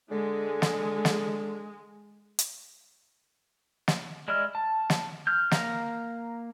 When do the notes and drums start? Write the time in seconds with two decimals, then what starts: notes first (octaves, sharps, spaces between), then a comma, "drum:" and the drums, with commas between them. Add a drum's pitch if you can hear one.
0.11 D3 G#3
0.62 drum: snare
1.05 drum: snare
2.39 drum: hi-hat
3.88 drum: snare
4.28 G#3 E4 D5 D#5 F6
4.55 A5
4.90 drum: snare
5.27 F6 G6
5.51 A#3 F5 A#5, drum: snare